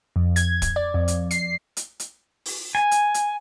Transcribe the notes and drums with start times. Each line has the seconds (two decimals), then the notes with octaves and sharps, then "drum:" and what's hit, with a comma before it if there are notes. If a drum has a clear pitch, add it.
0.16 F2
0.36 G#6, drum: hi-hat
0.62 drum: kick, hi-hat
0.76 D5
0.94 F2
1.08 drum: hi-hat
1.31 C7, drum: hi-hat
1.77 drum: hi-hat
2.00 drum: hi-hat
2.45 drum: open hi-hat
2.75 G#5
2.91 drum: hi-hat
3.14 drum: hi-hat